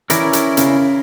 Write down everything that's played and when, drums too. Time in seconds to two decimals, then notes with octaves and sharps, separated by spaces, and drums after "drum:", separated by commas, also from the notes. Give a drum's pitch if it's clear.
0.10 E3 C#4 E4 A#4 D5, drum: hi-hat
0.33 drum: hi-hat
0.57 C#3, drum: hi-hat